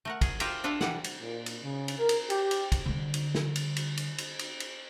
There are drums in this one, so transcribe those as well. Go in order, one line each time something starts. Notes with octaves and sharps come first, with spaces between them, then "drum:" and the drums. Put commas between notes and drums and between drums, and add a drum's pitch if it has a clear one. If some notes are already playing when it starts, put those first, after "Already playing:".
A3 A#4 F#5
G#4, drum: kick, cymbal
F4 G4 A#4 E5 F5, drum: cymbal
D4 F4 A4 E5 F5
E3 G3 F#5, drum: snare
drum: cymbal
A#2
drum: cymbal
C#3
drum: cymbal
A#4
drum: cymbal
G4, drum: cymbal
drum: cymbal
drum: kick, cymbal
D3 G3
drum: cymbal
drum: snare
drum: cymbal
drum: cymbal
drum: cymbal
drum: cymbal
drum: cymbal
drum: cymbal